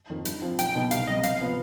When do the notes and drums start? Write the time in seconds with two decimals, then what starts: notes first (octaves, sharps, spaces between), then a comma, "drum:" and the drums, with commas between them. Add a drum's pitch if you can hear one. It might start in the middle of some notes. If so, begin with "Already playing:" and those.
0.10 F2 D#3
0.25 G2, drum: hi-hat
0.42 F3 C4 F4
0.59 B1 G5, drum: hi-hat
0.74 B2 B3 D#4
0.91 C2 F5, drum: hi-hat
1.07 C3 G3 D#5
1.23 G1 F5, drum: hi-hat
1.40 F3 B3